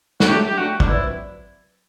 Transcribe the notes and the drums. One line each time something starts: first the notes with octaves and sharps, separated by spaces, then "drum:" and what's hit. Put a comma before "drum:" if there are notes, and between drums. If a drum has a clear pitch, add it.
F#4, drum: snare
F#3 A3 D4 G4
G4
F#3 A3 D4 F#4
D4, drum: kick
F#3 C4 E4 F#4 B4 D5